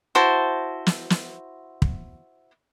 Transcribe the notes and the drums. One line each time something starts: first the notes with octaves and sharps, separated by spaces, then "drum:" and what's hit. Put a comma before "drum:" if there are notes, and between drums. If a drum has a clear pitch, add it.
E4 F#4 C5 A5
drum: snare
drum: snare
drum: kick